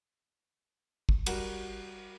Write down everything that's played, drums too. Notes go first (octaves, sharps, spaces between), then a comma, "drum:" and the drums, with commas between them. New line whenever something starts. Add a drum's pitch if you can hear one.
drum: kick
G3 F#4 A#4, drum: cymbal